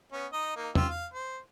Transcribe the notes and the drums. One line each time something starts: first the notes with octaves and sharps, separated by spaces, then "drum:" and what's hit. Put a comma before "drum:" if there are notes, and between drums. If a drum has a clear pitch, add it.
B3 C#4
D#4 D#5
A#3 D#4
F4 G4 E6, drum: tom E2
F5
C5